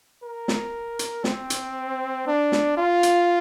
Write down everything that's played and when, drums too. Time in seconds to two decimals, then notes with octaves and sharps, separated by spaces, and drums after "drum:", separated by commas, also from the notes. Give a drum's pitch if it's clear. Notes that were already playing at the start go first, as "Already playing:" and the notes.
0.23 A#4
0.48 drum: snare
0.99 drum: hi-hat
1.24 C4, drum: snare
1.50 drum: hi-hat
2.27 D4
2.52 drum: snare
2.77 F4
3.03 drum: hi-hat